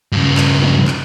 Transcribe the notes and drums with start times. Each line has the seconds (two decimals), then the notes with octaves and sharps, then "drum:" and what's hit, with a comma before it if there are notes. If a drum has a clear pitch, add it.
0.12 G2 C#3
0.37 drum: clap
0.63 drum: tom E3
0.88 drum: clap